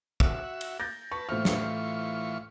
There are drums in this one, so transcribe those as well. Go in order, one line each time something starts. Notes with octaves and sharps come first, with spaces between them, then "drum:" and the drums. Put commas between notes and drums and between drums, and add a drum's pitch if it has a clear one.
F#4 E5, drum: kick
drum: cymbal
G6 A6 A#6
B4 A5 C#6
A2 E3 F4 C5 C#6 F6
drum: snare